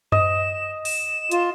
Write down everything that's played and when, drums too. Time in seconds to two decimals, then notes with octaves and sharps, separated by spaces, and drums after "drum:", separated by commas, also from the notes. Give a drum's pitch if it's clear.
0.12 D#5 E7, drum: tom F#2
0.85 E7, drum: open hi-hat
1.31 F4, drum: hi-hat